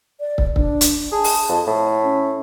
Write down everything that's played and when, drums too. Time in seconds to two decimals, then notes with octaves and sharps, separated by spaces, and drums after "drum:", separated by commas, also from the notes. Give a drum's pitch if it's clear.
0.20 D5
0.38 drum: kick
0.56 D4, drum: kick
0.81 drum: hi-hat
1.12 G#4 A5
1.24 drum: open hi-hat
1.48 F2
1.67 A2
2.04 C#4